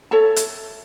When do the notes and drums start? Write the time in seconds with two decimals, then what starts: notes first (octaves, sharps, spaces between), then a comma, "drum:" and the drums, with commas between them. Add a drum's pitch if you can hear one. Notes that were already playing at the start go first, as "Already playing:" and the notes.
0.11 A4 C#5 E5 A5
0.36 drum: hi-hat